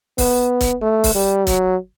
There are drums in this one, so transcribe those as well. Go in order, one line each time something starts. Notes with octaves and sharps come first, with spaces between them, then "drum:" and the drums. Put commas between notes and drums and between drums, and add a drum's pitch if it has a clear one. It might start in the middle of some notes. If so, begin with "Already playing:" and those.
B3, drum: kick, open hi-hat
drum: kick, hi-hat
A3
drum: kick, open hi-hat
G3
F#3, drum: kick, hi-hat